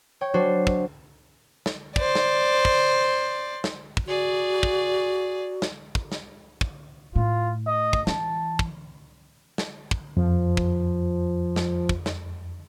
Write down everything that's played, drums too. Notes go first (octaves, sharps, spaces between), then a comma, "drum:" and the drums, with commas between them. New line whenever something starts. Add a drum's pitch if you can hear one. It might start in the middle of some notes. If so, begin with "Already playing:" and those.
C#5 G5
F#3 D4 F#4 C5
drum: kick
drum: snare
C5 D5, drum: kick
drum: snare
drum: kick
drum: snare
drum: kick
F#4 G#4 D5
drum: kick
drum: snare
drum: kick
drum: snare
drum: kick
A2 F4
D#5
drum: kick
E3 A5, drum: snare
drum: kick
drum: snare
drum: kick
F2 F3
drum: kick
drum: snare
drum: kick
drum: snare